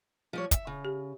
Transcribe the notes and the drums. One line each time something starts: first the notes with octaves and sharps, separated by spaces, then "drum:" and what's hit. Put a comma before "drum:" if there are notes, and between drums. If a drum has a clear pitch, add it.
F3 G3 C#5
E5, drum: kick, hi-hat
C#3
G4